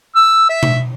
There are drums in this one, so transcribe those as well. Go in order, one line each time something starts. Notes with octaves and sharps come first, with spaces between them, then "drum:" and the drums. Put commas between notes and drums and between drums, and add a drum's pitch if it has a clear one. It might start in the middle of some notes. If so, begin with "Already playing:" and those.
E6
E5
drum: tom B2